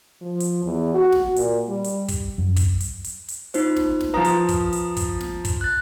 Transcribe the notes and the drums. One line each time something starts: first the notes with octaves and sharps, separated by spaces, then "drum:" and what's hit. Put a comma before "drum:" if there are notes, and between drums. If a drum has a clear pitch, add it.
F3
drum: hi-hat
E2
F#4
drum: snare
A#2, drum: hi-hat
G3
drum: hi-hat
drum: kick, hi-hat
F#2
drum: kick, hi-hat
drum: hi-hat
drum: hi-hat
drum: hi-hat
D#4 F4 C5, drum: hi-hat
drum: snare
drum: snare
F3 B4 A#5 D#6
drum: hi-hat
drum: kick, hi-hat
drum: hi-hat
drum: kick, hi-hat
drum: snare
drum: kick, hi-hat
F#6 A6